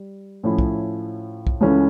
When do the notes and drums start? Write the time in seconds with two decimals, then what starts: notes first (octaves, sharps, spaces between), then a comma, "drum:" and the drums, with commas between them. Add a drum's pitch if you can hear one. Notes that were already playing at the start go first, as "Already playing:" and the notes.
Already playing: G3
0.44 A2 F3 C#4 E4
0.59 drum: kick
1.47 drum: kick
1.61 C#2 C#3 E3 A3 C#4